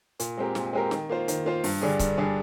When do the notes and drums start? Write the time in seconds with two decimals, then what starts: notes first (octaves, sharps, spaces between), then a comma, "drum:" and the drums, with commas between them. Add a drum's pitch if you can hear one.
0.20 A#2, drum: hi-hat
0.38 G#3 C4 G4 A#4
0.55 A#2, drum: snare
0.73 G#3 C4 G4 A#4
0.91 D#3, drum: snare
1.09 A#3 F4 C5
1.28 D#3, drum: hi-hat
1.46 A#3 F4 C5
1.64 G2, drum: open hi-hat
1.81 D3 G3 D4 G#4
1.99 G2, drum: kick C#1, hi-hat
2.18 D3 G3 D4 G#4